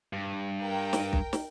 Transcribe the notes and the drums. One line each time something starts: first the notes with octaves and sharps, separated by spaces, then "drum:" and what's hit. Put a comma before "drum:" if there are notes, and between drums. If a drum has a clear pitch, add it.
G2
A#4 G5
drum: snare
drum: kick
drum: snare